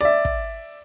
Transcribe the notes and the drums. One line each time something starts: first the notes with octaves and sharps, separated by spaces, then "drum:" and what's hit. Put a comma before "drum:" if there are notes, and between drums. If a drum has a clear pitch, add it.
D5 E5
drum: kick